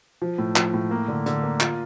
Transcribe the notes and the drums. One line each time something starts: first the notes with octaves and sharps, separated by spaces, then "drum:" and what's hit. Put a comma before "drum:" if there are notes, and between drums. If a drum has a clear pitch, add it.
F3
A2
F3, drum: clap
A2
A#3
D3
D3, drum: hi-hat
A#3
F4, drum: clap